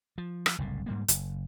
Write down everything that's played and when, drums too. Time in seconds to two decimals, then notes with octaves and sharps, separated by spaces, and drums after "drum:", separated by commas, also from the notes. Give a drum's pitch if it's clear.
0.18 F3
0.46 drum: rim click
0.58 F#1 C2 A2
0.86 G#2 G3 A#3
1.08 F#1, drum: hi-hat